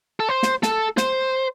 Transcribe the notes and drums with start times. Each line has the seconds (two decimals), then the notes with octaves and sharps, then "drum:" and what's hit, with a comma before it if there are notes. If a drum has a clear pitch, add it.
0.20 A4
0.29 C5
0.43 drum: snare
0.63 A4, drum: snare
0.97 C5, drum: snare